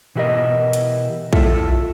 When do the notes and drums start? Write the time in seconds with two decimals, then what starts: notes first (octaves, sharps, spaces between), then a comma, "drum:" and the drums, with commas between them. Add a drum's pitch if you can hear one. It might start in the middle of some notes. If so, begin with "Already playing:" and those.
0.15 B2 E3 E4 G4 A#4 D#5
0.73 drum: hi-hat
1.33 E4 F4 A4 E5, drum: kick